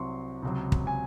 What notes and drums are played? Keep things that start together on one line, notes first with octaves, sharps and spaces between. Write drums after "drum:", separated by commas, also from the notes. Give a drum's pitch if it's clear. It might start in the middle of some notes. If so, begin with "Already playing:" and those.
Already playing: C2 C3 F#3 C4 C6 C#6
C#2 C3 F#3
drum: kick
G#5